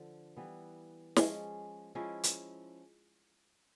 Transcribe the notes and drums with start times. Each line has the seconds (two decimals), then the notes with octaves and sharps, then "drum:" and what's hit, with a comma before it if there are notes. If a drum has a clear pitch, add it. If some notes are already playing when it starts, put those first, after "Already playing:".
Already playing: D3 F3
0.37 E3 G3 B3
1.16 F3 G#3 C#4, drum: snare
1.95 F3 G#3 C#4 E4
2.24 drum: hi-hat